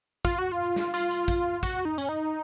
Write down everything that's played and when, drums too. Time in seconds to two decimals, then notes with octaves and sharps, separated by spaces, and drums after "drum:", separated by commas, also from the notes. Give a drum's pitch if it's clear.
0.25 F4, drum: kick, tambourine
0.39 F#4
0.52 F4
0.76 drum: snare
0.94 F4, drum: tambourine
1.11 drum: tambourine
1.28 drum: kick, tambourine
1.63 F#4, drum: kick, tambourine
1.85 D#4
1.98 C#4, drum: tambourine
2.09 D#4